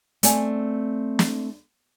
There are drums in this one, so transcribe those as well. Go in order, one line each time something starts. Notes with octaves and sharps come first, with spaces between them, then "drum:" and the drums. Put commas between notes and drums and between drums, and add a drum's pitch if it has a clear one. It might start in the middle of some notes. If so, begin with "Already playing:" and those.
A3 C4 D5 G#5, drum: hi-hat
drum: snare